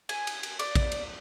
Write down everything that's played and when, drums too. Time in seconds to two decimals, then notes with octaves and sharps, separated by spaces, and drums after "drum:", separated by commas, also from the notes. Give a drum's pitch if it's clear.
0.09 G#5, drum: cymbal
0.27 drum: cymbal
0.43 drum: cymbal
0.59 D5, drum: cymbal
0.75 drum: kick, cymbal
0.92 drum: cymbal